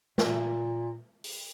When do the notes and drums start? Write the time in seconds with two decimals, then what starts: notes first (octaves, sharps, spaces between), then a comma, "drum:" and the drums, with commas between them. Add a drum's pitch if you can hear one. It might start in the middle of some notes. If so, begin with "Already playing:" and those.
0.18 A#2, drum: snare
1.24 drum: open hi-hat